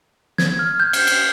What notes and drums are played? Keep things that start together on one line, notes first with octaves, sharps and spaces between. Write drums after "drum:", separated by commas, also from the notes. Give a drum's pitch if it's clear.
G#6, drum: snare
F6
G6
drum: cymbal
drum: cymbal